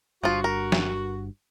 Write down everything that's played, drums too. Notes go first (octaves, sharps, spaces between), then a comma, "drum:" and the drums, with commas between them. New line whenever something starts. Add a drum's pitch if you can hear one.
G1 G2 F3 F4 F#4
A#4
drum: snare